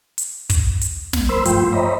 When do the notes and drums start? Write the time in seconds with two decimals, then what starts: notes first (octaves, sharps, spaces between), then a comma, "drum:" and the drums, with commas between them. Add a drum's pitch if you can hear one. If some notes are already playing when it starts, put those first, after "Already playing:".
0.18 drum: hi-hat
0.50 drum: kick, hi-hat
0.81 drum: hi-hat
1.13 drum: snare
1.29 A#4 C5 B5 C6 E6
1.45 G2 F3 A3 F4 G5 C6, drum: hi-hat
1.73 C5 C#5 D#5 E5 A#5 B5